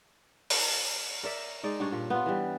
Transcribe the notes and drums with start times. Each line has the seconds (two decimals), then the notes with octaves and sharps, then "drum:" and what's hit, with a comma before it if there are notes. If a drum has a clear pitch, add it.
0.50 drum: open hi-hat
1.23 A#4 D5 E5
1.63 G#3 D#4 D5
1.80 G2 D4 C#5
1.92 A#2
2.10 B3 F4
2.26 E3 G3